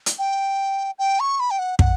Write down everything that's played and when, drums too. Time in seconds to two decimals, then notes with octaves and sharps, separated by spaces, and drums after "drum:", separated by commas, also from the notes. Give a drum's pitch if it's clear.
0.06 drum: hi-hat
0.19 G5
0.99 G5
1.20 C#6
1.40 B5
1.51 G5
1.59 F#5
1.79 F#5, drum: kick